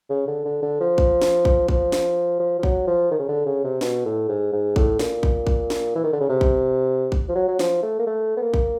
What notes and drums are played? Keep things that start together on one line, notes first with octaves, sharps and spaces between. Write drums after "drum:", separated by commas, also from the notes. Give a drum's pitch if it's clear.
C#3
D3
D3
D3
F3
drum: kick A1
drum: snare
drum: kick A1
F3, drum: kick A1
drum: snare
F3
F3
F#3, drum: kick A1
F3
D#3
C#3
D3
C#3
C3
B2, drum: snare
A2
G#2
G#2
A2, drum: kick A1
A#2, drum: snare
drum: kick A1
drum: kick A1
drum: snare
E3
D#3
D3
C#3
C3
drum: kick A1
drum: kick A1
F3
F#3
F#3
F3, drum: snare
A3
A#3
A3
B3
A#3
drum: kick A1